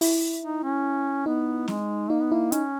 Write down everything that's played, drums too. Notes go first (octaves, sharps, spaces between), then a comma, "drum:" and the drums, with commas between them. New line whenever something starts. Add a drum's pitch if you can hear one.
E4, drum: open hi-hat
D#4
C#4
B3 D#4
G#3, drum: snare C4
A#3 D#4
B3
A#3 E4
C#4 D#4, drum: hi-hat